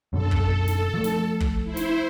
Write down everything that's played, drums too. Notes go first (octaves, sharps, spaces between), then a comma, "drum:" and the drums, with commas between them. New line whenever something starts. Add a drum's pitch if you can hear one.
F#2 B2 D3 A4
drum: kick
drum: snare
F3 A3
drum: snare
drum: kick
E4 C5
drum: snare